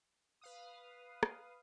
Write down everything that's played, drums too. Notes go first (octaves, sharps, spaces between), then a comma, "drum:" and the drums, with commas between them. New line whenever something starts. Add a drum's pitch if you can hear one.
B4 F5 D#6
drum: rim click